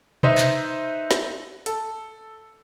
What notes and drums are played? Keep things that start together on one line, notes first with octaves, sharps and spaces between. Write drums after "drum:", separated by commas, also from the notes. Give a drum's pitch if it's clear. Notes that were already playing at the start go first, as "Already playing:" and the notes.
D#4 B4 C5 D#5 E5, drum: tom B2
drum: clap
drum: snare
A4, drum: hi-hat